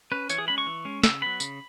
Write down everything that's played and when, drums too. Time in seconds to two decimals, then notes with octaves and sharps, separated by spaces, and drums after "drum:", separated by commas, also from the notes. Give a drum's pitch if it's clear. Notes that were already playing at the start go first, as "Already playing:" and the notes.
0.12 C#4 B4
0.30 E3 C#5, drum: tambourine
0.38 G#4
0.48 G#3 C#4 B5
0.58 C#6
0.67 E3
0.85 G#3 C#4
1.03 C#3 E6, drum: snare
1.22 F#3 B3 B5
1.40 C#3, drum: tambourine